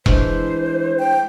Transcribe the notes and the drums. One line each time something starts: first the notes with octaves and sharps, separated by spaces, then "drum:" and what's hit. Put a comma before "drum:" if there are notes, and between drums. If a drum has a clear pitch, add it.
E3 G#3 D4 C5, drum: kick E1
G5